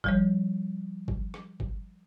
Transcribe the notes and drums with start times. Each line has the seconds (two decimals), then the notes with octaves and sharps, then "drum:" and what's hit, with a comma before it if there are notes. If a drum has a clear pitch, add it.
0.04 F3 G3 C#5, drum: kick
1.08 drum: kick
1.34 drum: rim click
1.60 drum: kick